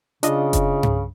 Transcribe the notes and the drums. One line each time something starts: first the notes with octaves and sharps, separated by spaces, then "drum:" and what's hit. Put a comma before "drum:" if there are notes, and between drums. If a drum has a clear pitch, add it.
C#3 D4 F4 D#5, drum: hi-hat
drum: kick F#1, hi-hat
drum: tom G2